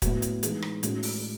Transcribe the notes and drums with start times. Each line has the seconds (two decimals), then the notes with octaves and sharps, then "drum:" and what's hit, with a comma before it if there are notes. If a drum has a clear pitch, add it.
0.02 A2 F#3 B3 F#4, drum: kick, hi-hat
0.22 drum: hi-hat
0.43 E3 G#3 D#4 G#4, drum: hi-hat
0.62 drum: rim click
0.83 A2 G#3 C#4 F#4, drum: hi-hat
1.03 drum: open hi-hat